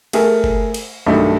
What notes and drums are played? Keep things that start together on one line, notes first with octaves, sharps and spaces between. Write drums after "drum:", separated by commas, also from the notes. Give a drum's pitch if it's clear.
A3 G#4 A#4, drum: cymbal
drum: kick
drum: cymbal
B1 G2 D#3 A3